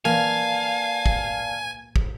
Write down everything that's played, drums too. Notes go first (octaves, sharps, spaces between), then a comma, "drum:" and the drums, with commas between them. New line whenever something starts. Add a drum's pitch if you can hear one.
A#3 B4 D5 F5 G#5 A5, drum: tom E3
drum: kick
drum: kick